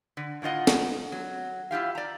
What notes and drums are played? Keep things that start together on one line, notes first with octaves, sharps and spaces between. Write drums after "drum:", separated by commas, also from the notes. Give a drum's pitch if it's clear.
D3
A2 D3 F4 D#5 F#5
drum: snare
F#3
E4 F4 G4 F5
D5 A#5